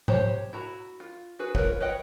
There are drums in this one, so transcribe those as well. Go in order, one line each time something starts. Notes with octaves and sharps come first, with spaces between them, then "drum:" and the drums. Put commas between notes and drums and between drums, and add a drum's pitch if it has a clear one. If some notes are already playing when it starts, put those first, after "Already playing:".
G4 C5 C#5, drum: tom G#2
E4 F#4 A#5
F4
F#4 G#4 B4
F4 A#4 B4 C#5, drum: kick
B4 C#5 D#5 F#5 G5